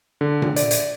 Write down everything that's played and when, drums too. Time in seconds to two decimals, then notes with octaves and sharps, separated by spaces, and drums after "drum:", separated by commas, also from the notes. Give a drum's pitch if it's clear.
0.21 D3
0.42 drum: tom A#2
0.56 D5, drum: hi-hat
0.71 drum: hi-hat